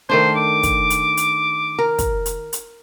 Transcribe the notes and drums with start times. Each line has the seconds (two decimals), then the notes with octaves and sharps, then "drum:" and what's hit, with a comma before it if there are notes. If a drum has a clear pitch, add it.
0.09 D#3 A3 D4 C5
0.36 D6
0.63 drum: kick, hi-hat
0.90 drum: hi-hat
1.17 drum: hi-hat
1.79 A#4
1.98 drum: kick, hi-hat
2.26 drum: hi-hat
2.53 drum: hi-hat